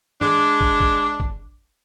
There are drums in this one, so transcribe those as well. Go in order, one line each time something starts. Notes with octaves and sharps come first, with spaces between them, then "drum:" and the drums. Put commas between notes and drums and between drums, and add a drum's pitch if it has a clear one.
G#3 D4, drum: tom G2
drum: kick
drum: kick
drum: kick